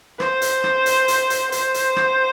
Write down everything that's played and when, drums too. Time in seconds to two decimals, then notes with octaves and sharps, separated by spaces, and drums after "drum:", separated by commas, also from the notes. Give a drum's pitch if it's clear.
0.20 C5, drum: rim click
0.42 drum: hi-hat
0.64 drum: rim click
0.86 drum: hi-hat
1.08 drum: hi-hat
1.30 drum: hi-hat
1.52 C5, drum: hi-hat
1.74 drum: hi-hat
1.97 drum: rim click